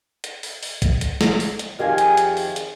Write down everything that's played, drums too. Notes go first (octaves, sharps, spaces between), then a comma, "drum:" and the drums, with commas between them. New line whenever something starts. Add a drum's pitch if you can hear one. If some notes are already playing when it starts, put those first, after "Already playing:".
drum: hi-hat
drum: open hi-hat
drum: open hi-hat
drum: kick, hi-hat
drum: hi-hat
drum: snare
drum: open hi-hat
drum: hi-hat
F2 D#3 G4 G#4 F5 G#5
drum: hi-hat
drum: hi-hat
drum: open hi-hat
drum: hi-hat